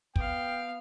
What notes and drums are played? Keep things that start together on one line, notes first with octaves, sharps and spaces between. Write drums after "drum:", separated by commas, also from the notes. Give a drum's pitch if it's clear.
B3 F5 G5, drum: kick